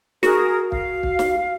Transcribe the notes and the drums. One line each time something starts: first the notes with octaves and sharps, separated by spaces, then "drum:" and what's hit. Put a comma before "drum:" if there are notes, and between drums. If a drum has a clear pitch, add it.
F#4 G#4 A#4, drum: snare
F5, drum: kick
drum: kick
drum: snare